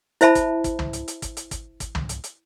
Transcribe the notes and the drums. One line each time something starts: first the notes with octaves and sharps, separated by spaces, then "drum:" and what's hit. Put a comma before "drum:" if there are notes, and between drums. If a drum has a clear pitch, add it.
E4 C5 E5 A5 B5, drum: hi-hat
drum: kick, hi-hat
drum: kick, hi-hat
drum: tom
drum: hi-hat
drum: hi-hat
drum: kick, hi-hat
drum: hi-hat
drum: kick, hi-hat
drum: kick, hi-hat
drum: tom
drum: hi-hat
drum: hi-hat